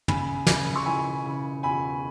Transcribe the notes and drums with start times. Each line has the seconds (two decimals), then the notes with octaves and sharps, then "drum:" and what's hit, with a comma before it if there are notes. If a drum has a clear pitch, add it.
0.08 C#3 G#5 B5, drum: tom
0.47 C#3, drum: snare
0.76 C#6
0.86 E3 G#5 B5
1.25 C#3
1.63 E2 G#5 B5